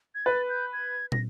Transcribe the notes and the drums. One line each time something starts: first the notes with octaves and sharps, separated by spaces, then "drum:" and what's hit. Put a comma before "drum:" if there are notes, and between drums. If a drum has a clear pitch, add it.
G#6
B4 A6
G6
G#6
A#6, drum: tom